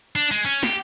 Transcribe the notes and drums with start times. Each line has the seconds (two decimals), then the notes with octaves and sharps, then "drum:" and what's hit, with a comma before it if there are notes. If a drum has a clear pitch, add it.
0.16 D4
0.31 G#3
0.45 C#4
0.63 G4, drum: snare